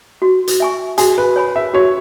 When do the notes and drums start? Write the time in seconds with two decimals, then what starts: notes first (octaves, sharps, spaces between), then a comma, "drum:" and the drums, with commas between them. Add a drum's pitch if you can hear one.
0.22 F#4
0.48 drum: hi-hat
0.60 E5 G#5 C#6
0.98 F#4 G#4, drum: hi-hat
1.18 B4
1.36 C#5 G#5 B5
1.56 E5
1.74 F#4 C#5